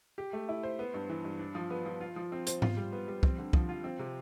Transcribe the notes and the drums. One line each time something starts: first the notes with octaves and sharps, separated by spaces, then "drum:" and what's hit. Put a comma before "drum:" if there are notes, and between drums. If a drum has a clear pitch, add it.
G4
A3
E4
C5
B3
G2
E3
G2
D4
F3
B3
F3
F4
F3
C4
C5, drum: hi-hat
F4, drum: tom G#2
G3
B3
G3
C4, drum: kick
D3
F3, drum: kick
F4
C4
C3